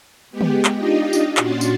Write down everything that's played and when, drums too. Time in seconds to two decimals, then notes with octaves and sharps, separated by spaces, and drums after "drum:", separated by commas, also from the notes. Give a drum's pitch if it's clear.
0.31 G#3 B3 G4
0.41 drum: tom
0.65 drum: clap
0.74 D4 D#4 F4 G4 D#5
1.13 drum: tambourine
1.37 A#2 C#4 D4 F#4 C6 A6, drum: clap
1.61 drum: tambourine